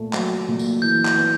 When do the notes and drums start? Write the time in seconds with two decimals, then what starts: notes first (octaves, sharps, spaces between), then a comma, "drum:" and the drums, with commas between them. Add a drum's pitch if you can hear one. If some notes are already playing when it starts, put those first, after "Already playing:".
Already playing: A#2 A3
0.13 F#3, drum: clap
0.48 A#2
0.59 drum: tambourine
0.82 E3 G6
1.06 drum: clap
1.17 B3